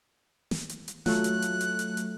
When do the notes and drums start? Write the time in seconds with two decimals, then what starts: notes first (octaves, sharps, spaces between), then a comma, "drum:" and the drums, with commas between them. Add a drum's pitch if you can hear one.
0.51 drum: snare
0.69 drum: hi-hat
0.88 drum: hi-hat
1.06 F#3 A3 F4 F#6, drum: snare
1.24 drum: hi-hat
1.42 drum: hi-hat
1.61 drum: hi-hat
1.79 drum: hi-hat
1.97 drum: hi-hat